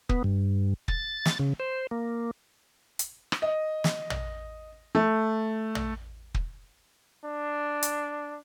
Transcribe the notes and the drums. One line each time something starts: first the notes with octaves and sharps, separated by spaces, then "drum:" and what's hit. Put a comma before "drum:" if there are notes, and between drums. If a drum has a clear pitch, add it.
B3, drum: kick
G2
A6, drum: kick
drum: snare
C#3
C5
A#3
drum: hi-hat
drum: rim click
D#5
drum: snare
drum: tom
A3
drum: tom
drum: kick
D4
drum: hi-hat